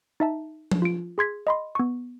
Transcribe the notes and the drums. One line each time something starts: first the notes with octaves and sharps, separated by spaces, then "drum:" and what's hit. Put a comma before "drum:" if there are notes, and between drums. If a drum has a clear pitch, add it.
D#4 E5 A5
drum: tom F3
F4 D7
G#4 C6 G#6 B6
D#5 B5 C6
B3 C#6